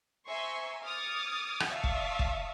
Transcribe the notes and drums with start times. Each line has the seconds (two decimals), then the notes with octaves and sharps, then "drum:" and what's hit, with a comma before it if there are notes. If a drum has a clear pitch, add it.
0.28 C5 E5 G#5 A#5 C6 C#6
0.83 D6 D#6 F6 G#6 A6 C#7
1.60 drum: rim click
1.70 D5 E5 F5 A5 C#6 D#6
1.84 drum: kick
2.19 drum: kick